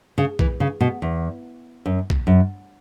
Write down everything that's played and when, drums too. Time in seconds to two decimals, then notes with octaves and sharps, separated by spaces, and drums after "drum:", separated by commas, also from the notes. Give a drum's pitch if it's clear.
0.18 C#3
0.39 E3, drum: kick B1
0.60 C#3
0.80 B2
1.02 E2
1.86 F#2
2.10 drum: kick B1
2.27 F#2